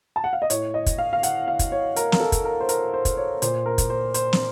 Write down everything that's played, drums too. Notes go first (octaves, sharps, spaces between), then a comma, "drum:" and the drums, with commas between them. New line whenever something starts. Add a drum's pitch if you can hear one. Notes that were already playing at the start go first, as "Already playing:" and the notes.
A5
F#5
F5
D#5
A2 C#5, drum: hi-hat
D#5
drum: kick, hi-hat
F5
F5
F#5, drum: hi-hat
F5
drum: kick, hi-hat
C#5
A#4, drum: hi-hat
A#4, drum: snare
A4
drum: kick, hi-hat
A#4
C5
A#4, drum: hi-hat
C5
drum: kick, hi-hat
C#5
A#2 C5, drum: hi-hat
A#4
drum: kick, hi-hat
C5
C5, drum: hi-hat
drum: snare